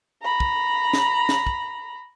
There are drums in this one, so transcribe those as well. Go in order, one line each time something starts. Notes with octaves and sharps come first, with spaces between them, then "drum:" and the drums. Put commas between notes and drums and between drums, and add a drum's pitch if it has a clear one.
A#5 B5
drum: kick
drum: snare
drum: snare
drum: kick